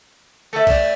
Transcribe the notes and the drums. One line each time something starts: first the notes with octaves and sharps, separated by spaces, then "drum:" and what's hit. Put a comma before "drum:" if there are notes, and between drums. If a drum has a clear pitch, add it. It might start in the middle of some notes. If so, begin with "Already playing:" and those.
A3 A4 E5
D5, drum: kick B1, cymbal